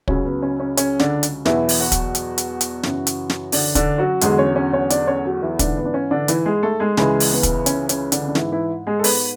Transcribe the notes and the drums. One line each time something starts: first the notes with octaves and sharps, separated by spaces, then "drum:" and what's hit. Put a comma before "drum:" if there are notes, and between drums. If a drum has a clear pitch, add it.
C#2 C#3 F#3 C#4, drum: kick
B3
C#4
C#4
C#4, drum: hi-hat
D3 D4, drum: snare
drum: hi-hat
E2 B2 E3 F#3 E4, drum: snare
drum: open hi-hat
F#3 F#4
drum: kick, hi-hat
drum: hi-hat
drum: hi-hat
drum: hi-hat
F#2 C#3 E3, drum: snare
drum: hi-hat
drum: snare
D3 D4, drum: open hi-hat
D3 D4, drum: kick, hi-hat
F#3 F#4
E2 D3 F#3 G#3 G#4, drum: hi-hat
C#4 C#5
C#4 C#5
C#4 C#5
D4 D5, drum: hi-hat
C#4 C#5
F#3 F#4
E3 E4
G#2 D3 E3 D4, drum: kick, hi-hat
B3
D4
C#4
D3 D4
E3 E4, drum: hi-hat
G#3 G#4
A3 A4
G#3 G#4
C#2 C#3 E3 G#3 G#4, drum: snare
drum: open hi-hat
B3
drum: kick, hi-hat
C#4, drum: hi-hat
C#4, drum: hi-hat
D3 D4, drum: hi-hat
D4
G#2 E3 E4, drum: snare
E3 E4
G#3 G#4
A4
B3 B4, drum: open hi-hat